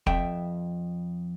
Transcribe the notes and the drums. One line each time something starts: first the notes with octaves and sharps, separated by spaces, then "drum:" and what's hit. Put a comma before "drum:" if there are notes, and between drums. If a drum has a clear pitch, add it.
F2 E5 G5, drum: kick